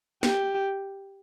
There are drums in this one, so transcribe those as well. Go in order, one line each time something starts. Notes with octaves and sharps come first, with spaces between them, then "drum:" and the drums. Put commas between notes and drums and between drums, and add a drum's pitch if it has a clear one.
G4, drum: snare